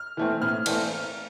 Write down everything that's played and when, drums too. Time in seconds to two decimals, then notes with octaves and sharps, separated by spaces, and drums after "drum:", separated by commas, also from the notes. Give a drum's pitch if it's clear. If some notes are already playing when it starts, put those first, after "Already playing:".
Already playing: F6
0.17 E3 A3 C4
0.42 A2 F6
0.66 E3 A3 C4, drum: cymbal